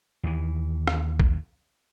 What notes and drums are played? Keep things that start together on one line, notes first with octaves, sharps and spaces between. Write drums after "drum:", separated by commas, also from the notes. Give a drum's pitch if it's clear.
D#2 E3
drum: rim click
drum: kick